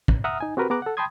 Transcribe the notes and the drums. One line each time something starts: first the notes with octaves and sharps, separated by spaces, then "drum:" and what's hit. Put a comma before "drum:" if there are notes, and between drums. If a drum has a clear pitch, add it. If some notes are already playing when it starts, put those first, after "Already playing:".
drum: kick
E5 F#5 A#5 D#6 F6
D#4 G#5
C4 F#4 G4 A#4 B4
B3 G#4 A#5 D6 F#6
A4 F#5
G5 A5 B5 C6 D#6 G#6